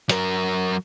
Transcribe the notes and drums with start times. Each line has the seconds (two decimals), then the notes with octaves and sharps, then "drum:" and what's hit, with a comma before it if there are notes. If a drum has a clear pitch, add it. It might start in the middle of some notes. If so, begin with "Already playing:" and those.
0.09 F#3 A#4, drum: hi-hat